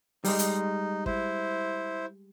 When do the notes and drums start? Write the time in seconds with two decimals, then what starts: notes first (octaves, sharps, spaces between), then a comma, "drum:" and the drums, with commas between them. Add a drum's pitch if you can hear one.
0.25 G3 G#3 D#4, drum: open hi-hat
0.39 drum: hi-hat
1.06 E4 C5, drum: kick